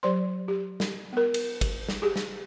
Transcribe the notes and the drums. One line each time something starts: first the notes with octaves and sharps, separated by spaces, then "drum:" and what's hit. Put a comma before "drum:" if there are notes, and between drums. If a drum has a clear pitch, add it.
F#3 G4 C5 D5 C6
G4
drum: snare
B3 A#4
drum: cymbal
drum: kick, cymbal
drum: snare
G4 G#4
drum: snare